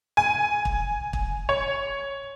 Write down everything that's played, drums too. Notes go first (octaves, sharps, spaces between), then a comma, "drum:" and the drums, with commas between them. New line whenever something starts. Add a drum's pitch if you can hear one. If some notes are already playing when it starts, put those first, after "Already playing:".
G#5
drum: kick
drum: kick
C#5